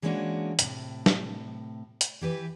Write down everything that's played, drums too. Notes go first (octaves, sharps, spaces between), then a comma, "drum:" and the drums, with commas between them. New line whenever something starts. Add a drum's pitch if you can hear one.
E3 G#3 A#3 C#4 D4 F#4
A2 C3, drum: hi-hat
drum: snare
drum: hi-hat
E3 G4 B4